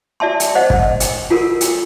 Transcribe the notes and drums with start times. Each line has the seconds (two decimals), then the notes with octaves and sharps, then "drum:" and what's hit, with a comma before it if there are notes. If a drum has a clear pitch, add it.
0.20 F#4 D5 E5 A5 C6
0.40 drum: hi-hat
0.55 C5 D#5 F#5
0.70 drum: kick
1.00 drum: hi-hat
1.30 F4 F#4 A4 A#4
1.61 drum: hi-hat